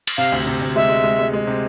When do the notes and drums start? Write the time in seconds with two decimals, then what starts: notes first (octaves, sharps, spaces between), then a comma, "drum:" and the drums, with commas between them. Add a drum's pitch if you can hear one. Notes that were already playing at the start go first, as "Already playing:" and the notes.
0.07 drum: cymbal
0.17 C3 F5
0.32 D2
0.47 C3
0.61 D2
0.75 G#3 E5
0.89 G#3
1.04 G#3
1.19 G#3
1.33 G#3
1.47 C3